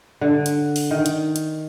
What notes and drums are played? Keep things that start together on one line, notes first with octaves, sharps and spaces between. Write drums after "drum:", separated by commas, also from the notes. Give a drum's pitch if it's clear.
D3
drum: hi-hat
drum: open hi-hat
D#3
drum: hi-hat
drum: hi-hat